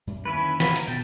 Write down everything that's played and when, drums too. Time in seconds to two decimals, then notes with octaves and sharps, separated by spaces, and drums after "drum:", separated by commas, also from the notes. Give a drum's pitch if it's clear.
0.07 F#2 G3
0.25 D3 D#3 A#3 C#4 E4 B4
0.60 F#3 F4 B4, drum: snare
0.76 A#4, drum: hi-hat
0.88 B2 G5 A5